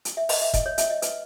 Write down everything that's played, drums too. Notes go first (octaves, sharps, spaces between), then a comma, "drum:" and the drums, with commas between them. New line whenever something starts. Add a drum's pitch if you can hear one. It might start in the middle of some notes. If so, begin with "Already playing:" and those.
drum: hi-hat
E5
D#5, drum: open hi-hat
E5
D#5, drum: kick F1, hi-hat
C#5
E5, drum: hi-hat
D#5
B4, drum: hi-hat